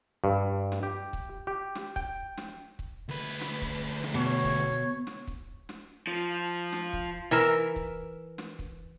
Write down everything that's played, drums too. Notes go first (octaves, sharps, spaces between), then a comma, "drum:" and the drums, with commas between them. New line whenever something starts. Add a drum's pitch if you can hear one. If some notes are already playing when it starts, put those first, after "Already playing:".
G2
drum: snare
G4
drum: kick C#1
G4
drum: snare
G5, drum: kick C#1
drum: snare
drum: kick C#1
D2 B4
drum: snare
drum: kick C#1
drum: snare
B2 C#5
drum: kick C#1
drum: snare
drum: kick C#1
drum: snare
F3
drum: snare
drum: kick C#1
E3 A#4 E5
drum: kick C#1
drum: snare
drum: kick C#1